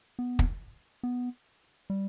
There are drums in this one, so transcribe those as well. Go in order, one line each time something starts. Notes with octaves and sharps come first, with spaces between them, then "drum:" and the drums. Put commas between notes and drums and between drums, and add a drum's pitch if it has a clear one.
B3
drum: kick
B3
G3